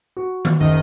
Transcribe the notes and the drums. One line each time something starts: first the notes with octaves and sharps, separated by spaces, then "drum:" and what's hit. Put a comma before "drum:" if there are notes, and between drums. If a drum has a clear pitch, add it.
F#4
drum: tom D#3
F#1 D#3 D#5